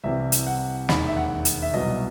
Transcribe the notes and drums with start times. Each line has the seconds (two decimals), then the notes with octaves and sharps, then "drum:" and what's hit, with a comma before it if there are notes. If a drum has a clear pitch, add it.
0.04 C2 C3 E3 G3 E5
0.32 drum: hi-hat
0.47 F#5
0.89 E1 D#2 D#3 B5, drum: snare
1.07 E5
1.16 F#5
1.45 drum: hi-hat
1.62 E5
1.74 C2 B2 F#3 D#5